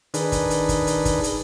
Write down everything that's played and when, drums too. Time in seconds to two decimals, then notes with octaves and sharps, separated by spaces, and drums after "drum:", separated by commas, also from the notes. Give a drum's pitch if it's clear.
0.14 D#3 D4 G#4 B4, drum: hi-hat
0.32 drum: kick, hi-hat
0.50 drum: hi-hat
0.69 drum: kick, hi-hat
0.87 drum: hi-hat
1.05 drum: kick, hi-hat
1.24 drum: hi-hat